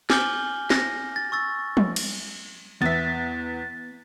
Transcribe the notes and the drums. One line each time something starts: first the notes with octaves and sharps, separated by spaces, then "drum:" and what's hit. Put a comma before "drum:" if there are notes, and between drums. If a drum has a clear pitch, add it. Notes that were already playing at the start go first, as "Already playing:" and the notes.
G#5 D6 F6 G6 F#7 G7, drum: snare
A#6, drum: snare
A6
C#6 E6 A6
drum: tom
drum: cymbal
E2 B3 E5 A6 B6